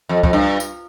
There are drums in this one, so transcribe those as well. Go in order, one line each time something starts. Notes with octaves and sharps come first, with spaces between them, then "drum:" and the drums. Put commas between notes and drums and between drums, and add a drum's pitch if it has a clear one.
F2
F2, drum: kick C2
G2
drum: tambourine